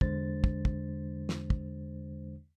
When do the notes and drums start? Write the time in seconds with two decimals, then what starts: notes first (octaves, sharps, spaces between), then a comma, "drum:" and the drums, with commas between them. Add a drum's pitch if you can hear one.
0.01 E2 D3 G#3 D4 C5 A6, drum: kick
0.44 drum: kick
0.65 drum: kick
1.29 drum: snare
1.50 drum: kick